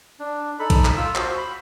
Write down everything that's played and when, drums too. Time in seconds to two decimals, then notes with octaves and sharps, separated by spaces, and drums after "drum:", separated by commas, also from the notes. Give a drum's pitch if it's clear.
0.20 D4
0.59 D#4 A4 B5
0.70 drum: kick A#1, cymbal
0.85 drum: clap
0.97 F4 E6
1.15 F#4 C5 F5, drum: clap
1.37 B5